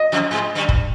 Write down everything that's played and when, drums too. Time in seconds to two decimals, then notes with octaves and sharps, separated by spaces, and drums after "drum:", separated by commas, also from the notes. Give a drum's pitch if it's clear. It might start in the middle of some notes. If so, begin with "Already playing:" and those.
Already playing: D#5
0.12 F2 F3
0.31 G#2 G#3
0.55 G2 G3
0.69 drum: kick